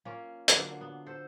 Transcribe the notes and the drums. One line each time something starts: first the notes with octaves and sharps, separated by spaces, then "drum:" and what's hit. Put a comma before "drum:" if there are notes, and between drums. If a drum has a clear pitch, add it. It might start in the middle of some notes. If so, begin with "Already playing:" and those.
A#3 C#4 F4
D3 F#3 A#3 F4, drum: hi-hat
B3
A4 C5